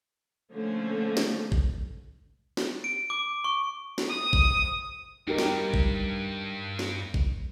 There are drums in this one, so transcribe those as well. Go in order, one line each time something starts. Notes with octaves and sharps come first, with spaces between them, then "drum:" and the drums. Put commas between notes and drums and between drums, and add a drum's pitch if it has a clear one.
D3 F3 A3 A#3 C#4
drum: snare
drum: kick
drum: snare
D7
D6
C#6
drum: snare
D#6
drum: kick
G2 D#4 G4 A#4
drum: snare
drum: kick
drum: snare
drum: kick